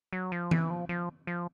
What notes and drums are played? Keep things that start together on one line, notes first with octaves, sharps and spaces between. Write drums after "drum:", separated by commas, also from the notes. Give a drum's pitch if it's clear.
F#3
F3
E3, drum: tom E3
F3
F3
F3